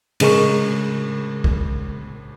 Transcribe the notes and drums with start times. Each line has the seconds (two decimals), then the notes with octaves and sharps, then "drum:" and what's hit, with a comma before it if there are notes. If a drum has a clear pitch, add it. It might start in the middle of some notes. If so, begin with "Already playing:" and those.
0.20 A2 C#3 G#3 A#4 C#6, drum: cymbal
1.44 drum: kick